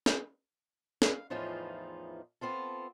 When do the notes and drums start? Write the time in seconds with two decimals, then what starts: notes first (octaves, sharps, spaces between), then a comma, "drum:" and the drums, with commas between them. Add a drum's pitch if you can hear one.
0.06 drum: snare
1.02 F5, drum: snare
1.30 E2 A2 E3 F3 D#4 F4
2.41 B3 C4 F4 A4